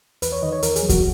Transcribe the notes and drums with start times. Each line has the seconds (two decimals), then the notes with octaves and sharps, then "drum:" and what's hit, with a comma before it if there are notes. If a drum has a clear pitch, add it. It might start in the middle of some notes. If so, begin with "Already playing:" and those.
0.22 E2 B4, drum: hi-hat
0.32 C#5
0.42 D#3 D#5
0.52 C#5
0.63 E2 A#4, drum: hi-hat
0.76 G#4, drum: hi-hat
0.83 F#3
0.89 F#4, drum: kick D#2, hi-hat